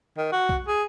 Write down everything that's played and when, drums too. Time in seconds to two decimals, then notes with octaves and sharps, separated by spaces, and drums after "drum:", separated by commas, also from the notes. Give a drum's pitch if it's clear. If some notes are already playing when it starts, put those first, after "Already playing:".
0.17 D#3
0.32 F#4
0.49 drum: kick B1
0.68 G#4